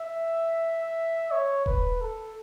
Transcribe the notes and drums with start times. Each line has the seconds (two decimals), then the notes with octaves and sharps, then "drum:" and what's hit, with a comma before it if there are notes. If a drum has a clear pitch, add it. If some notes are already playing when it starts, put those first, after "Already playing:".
Already playing: E5
1.31 C#5
1.66 B4, drum: kick D#1
2.01 A4